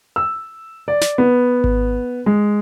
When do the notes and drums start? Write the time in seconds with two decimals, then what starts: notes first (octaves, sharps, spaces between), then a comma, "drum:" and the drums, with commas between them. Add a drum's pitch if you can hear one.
0.16 E6
0.88 D5
1.01 drum: snare
1.18 B3
1.64 drum: kick G#1
2.26 G#3